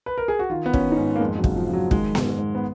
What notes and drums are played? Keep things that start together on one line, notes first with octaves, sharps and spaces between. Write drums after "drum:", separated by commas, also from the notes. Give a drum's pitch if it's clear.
B4
A#4
G#4
F#4
D#3 F4
B3
D#3 C#4, drum: kick
D#4
G#2 C#4
A#3
F2 G#3
F#3
C#3, drum: kick
F3
C#3
F#3
D#3 G#3, drum: kick
G#2, drum: snare B3
G#2
B3